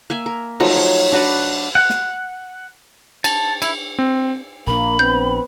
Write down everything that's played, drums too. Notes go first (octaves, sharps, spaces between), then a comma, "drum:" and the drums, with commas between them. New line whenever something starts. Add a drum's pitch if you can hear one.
A#3 E5 G#5
A#4
F3 F#3 A3 D#4, drum: cymbal
C#5
D4 F#4 B4 D5
F#5
drum: snare
A5, drum: cymbal
E4, drum: cymbal
C4
A#1 A#2 A#3 D4 B5
B3 C4 G6